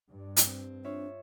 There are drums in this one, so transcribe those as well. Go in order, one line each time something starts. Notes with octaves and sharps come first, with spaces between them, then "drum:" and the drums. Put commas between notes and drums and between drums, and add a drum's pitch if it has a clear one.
G2
drum: hi-hat
C4
D4 F4 C#5 E5